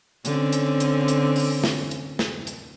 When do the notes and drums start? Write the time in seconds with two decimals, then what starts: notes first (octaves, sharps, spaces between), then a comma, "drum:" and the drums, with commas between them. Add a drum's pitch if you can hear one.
0.25 D3 C4 C#4, drum: hi-hat
0.53 drum: hi-hat
0.80 drum: hi-hat
1.08 drum: hi-hat
1.36 drum: open hi-hat
1.64 drum: snare
1.91 drum: hi-hat
2.19 drum: snare
2.47 drum: hi-hat